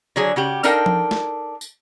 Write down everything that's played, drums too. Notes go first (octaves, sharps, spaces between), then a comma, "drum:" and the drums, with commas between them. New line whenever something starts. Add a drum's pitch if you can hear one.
D3 F#3 G#4
C#3 F#4 G4
D4 D#4 A4 A#4 F5 G5, drum: tambourine
drum: tom F3
drum: snare
drum: tambourine